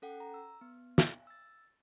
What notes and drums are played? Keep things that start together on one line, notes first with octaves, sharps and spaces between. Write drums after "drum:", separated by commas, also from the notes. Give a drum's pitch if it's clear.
C#4 A4 F#5 G5
A#5
E6
B3
drum: snare
E6 A6